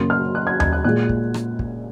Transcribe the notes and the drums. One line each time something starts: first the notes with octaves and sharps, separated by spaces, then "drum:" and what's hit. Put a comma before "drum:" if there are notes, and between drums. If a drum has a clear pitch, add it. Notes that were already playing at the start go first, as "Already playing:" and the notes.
Already playing: F#2 C#3 F#3 A#3 C6
F6
F#6
G#6
G#6, drum: tom D#2
F#6
A#2 G#3 F#6
drum: kick
drum: rim click
drum: kick